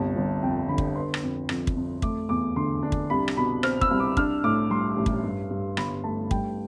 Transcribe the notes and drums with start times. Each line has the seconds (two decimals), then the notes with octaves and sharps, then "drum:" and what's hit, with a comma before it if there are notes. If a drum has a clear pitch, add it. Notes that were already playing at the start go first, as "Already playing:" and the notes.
Already playing: G1 C2 A5
0.16 G1
0.43 F2 G5
0.69 D3 B5
0.78 drum: kick
0.95 B3 C6
1.14 drum: rim click
1.23 F2
1.49 F2, drum: rim click
1.67 drum: kick
1.76 F2
2.02 A3 D6, drum: kick
2.29 E2 D6
2.56 D3 C6
2.83 D4
2.92 drum: kick
3.10 C2 B5
3.28 drum: rim click
3.37 B2 B5
3.63 C4 F6, drum: rim click
3.81 E6, drum: kick
3.91 C2
4.00 D6
4.17 D4 F6, drum: kick
4.44 A2 D6
4.70 G3 C6
4.97 A1
5.06 drum: kick
5.24 G2
5.50 G2
5.77 G1 B5, drum: rim click
6.04 A3 A5
6.31 G2 G5, drum: kick